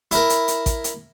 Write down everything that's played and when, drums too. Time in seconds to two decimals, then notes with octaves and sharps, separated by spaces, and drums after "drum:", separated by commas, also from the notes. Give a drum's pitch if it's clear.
0.11 E4 A#4, drum: hi-hat
0.30 drum: hi-hat
0.48 drum: hi-hat
0.66 drum: kick A1, hi-hat
0.84 drum: hi-hat